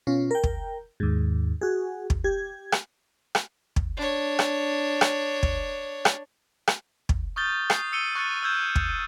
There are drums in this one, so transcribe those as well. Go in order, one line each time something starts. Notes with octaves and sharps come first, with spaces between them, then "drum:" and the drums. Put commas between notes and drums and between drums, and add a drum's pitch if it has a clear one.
B2 C#4 F4
A#4 G5
drum: kick
D#2 G#2
F#4 G#4
drum: kick
G4 G#6
drum: rim click
drum: rim click
drum: kick
D4 C#5
drum: rim click
drum: rim click
drum: kick
drum: rim click
drum: rim click
drum: kick
C#6 D#6 F6 G6 A6 G7
D#6 C7, drum: rim click
E6 C#7 D#7 G7
C#6 F#6 A6 C#7 D#7
E6 F6 G6 G#6 E7
drum: kick